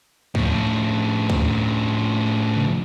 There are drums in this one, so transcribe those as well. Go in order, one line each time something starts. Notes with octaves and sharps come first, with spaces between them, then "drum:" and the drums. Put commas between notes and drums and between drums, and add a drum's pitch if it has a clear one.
A2 F3, drum: kick C#2
drum: kick C#2
drum: tom C3